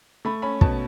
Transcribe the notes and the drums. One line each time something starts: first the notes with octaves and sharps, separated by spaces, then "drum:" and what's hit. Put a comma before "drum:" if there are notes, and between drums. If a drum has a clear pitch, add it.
A3 B5
C#4 B5
B2 A5, drum: kick